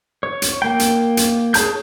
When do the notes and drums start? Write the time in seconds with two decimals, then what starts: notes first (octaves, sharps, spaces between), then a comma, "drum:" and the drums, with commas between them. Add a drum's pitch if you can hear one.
0.23 C#5
0.42 drum: hi-hat
0.62 A#3 G5
0.79 drum: hi-hat
1.17 drum: hi-hat
1.54 G#4 C#5 A5 G6, drum: hi-hat